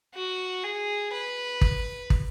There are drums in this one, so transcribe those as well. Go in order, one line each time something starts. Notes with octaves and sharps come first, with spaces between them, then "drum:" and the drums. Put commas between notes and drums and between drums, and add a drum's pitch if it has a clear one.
F#4
G#4
B4
drum: kick
drum: kick